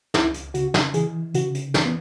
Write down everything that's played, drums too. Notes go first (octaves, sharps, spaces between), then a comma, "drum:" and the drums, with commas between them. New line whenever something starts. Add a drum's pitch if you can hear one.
C#2 E4, drum: snare
drum: hi-hat
C#3 F#4, drum: hi-hat
drum: snare
E3 G#4, drum: hi-hat
C#3 F#4, drum: hi-hat
drum: hi-hat
E3, drum: snare
B3